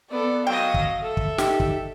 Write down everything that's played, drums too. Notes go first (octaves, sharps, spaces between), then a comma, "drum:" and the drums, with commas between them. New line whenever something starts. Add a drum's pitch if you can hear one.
B3 A4 D5
F#3 D#5 F5 G5
drum: kick
A4 E5
drum: kick
D#4 G4, drum: snare
drum: kick